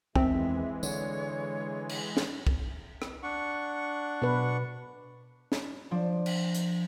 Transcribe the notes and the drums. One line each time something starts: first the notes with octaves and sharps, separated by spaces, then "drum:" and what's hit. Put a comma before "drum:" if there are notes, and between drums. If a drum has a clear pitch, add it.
E2 D#3 E3 G#3 C4 E5, drum: kick
D3 C#5, drum: tambourine
drum: cymbal
drum: snare
drum: kick
drum: rim click
D4 F#5 C#6
B2 B4
drum: snare
F3 D4
drum: cymbal
drum: hi-hat